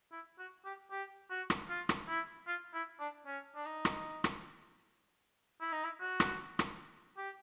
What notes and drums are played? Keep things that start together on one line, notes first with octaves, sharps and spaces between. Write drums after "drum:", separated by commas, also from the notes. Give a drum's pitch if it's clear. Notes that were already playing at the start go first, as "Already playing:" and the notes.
E4
F#4
G4
G4
F#4
drum: rim click
F4
drum: rim click
E4
F4
E4
D4
C#4
D4
D#4
drum: rim click
drum: rim click
E4
D#4
E4
F#4
drum: rim click
drum: rim click
G4